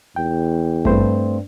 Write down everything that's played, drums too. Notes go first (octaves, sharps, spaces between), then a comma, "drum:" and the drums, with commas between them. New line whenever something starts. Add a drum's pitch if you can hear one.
E2 G5
G2 A3 C4 C5, drum: kick G#1